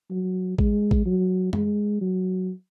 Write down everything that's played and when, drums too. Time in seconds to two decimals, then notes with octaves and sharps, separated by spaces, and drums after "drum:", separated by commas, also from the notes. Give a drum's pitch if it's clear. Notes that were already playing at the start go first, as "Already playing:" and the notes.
0.10 F#3
0.58 G#3, drum: kick A1
0.91 drum: kick A1
1.06 F#3
1.53 G#3, drum: tom F#2
2.01 F#3